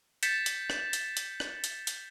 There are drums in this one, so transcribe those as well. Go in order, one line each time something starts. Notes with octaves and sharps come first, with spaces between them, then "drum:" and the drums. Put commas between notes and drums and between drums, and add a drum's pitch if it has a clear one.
G6 A6 B6 C#7 E7, drum: hi-hat
drum: hi-hat
drum: rim click
drum: hi-hat
drum: hi-hat
drum: rim click
drum: hi-hat
drum: hi-hat